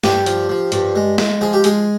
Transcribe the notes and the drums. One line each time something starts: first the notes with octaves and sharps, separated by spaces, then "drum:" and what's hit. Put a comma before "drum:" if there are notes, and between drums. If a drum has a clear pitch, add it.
G2 G4, drum: snare
F3, drum: hi-hat
F3
G2, drum: hi-hat
G#3
G#3, drum: snare
F3 G#4
G4
G#3 G#4, drum: hi-hat